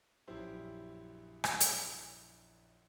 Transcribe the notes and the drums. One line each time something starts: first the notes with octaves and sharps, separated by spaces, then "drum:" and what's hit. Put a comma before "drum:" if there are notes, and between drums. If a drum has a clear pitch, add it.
A#1 F#2 E4 G4 C5
drum: rim click
drum: hi-hat